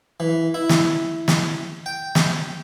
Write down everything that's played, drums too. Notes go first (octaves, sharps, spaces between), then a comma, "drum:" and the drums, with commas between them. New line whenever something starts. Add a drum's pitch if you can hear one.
E3
E4
drum: snare
drum: snare
G5
drum: snare